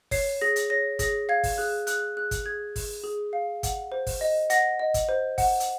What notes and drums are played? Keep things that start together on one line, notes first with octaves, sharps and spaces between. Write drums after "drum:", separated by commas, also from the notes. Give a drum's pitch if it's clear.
C#5 C7, drum: kick, open hi-hat
G#4 A#6
drum: hi-hat
C#5 A#6
G#4 A#6, drum: kick, hi-hat
F5 G#6
drum: kick, open hi-hat
G#4 F#6
G#4 F#6, drum: hi-hat
G#4 F#6
drum: kick, hi-hat
G#4 G#6
G#4, drum: kick, open hi-hat
G#4
F5
F#5, drum: kick, hi-hat
C5
drum: kick, open hi-hat
D#5
F#5 A#6, drum: hi-hat
D#5
drum: kick, hi-hat
C5
F#5, drum: kick, open hi-hat
drum: hi-hat